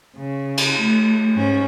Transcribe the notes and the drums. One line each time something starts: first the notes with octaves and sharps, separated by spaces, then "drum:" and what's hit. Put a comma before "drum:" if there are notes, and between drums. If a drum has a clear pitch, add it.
C#3
drum: cymbal
A3
G#2 C#4